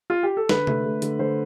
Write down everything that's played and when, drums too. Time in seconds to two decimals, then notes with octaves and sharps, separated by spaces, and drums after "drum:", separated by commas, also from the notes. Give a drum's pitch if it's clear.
0.10 F4
0.23 G4
0.37 A4
0.49 D3 B4, drum: snare
0.67 A3, drum: tom C3
0.84 A3
1.02 D3, drum: hi-hat
1.19 D3 C5